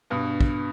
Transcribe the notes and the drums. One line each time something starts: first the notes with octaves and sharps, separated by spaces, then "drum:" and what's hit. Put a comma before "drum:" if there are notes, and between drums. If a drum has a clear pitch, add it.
G2 B2
drum: kick